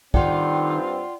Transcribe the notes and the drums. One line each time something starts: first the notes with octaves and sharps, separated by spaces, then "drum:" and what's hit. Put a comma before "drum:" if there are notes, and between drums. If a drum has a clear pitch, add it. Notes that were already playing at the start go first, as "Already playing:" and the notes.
G2 D#3 C4 F4 A4 D5 F#5 G5, drum: kick